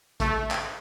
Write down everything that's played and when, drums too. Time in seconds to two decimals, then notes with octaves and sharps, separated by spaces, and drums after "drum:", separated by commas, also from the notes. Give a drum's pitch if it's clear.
0.20 A3, drum: kick A#1, hi-hat
0.51 drum: clap